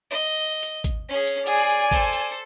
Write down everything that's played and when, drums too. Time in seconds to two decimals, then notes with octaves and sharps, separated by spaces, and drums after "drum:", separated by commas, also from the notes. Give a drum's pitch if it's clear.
0.11 D#5
0.63 drum: hi-hat
0.84 drum: kick, hi-hat
1.09 C#4 G#4
1.27 drum: hi-hat
1.47 G#4 D5 G#5, drum: hi-hat
1.70 drum: hi-hat
1.91 A4 C5, drum: kick, hi-hat
2.13 drum: hi-hat